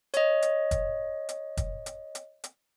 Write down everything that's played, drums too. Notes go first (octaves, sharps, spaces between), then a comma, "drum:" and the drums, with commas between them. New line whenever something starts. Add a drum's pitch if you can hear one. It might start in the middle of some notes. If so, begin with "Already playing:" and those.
C#5 D#5, drum: hi-hat
drum: hi-hat
drum: kick, hi-hat
drum: hi-hat
drum: kick, hi-hat
drum: hi-hat
drum: hi-hat
drum: hi-hat